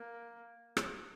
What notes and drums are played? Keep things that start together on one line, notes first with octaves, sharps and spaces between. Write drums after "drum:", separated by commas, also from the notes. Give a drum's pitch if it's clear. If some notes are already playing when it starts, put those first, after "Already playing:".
Already playing: A#3
drum: rim click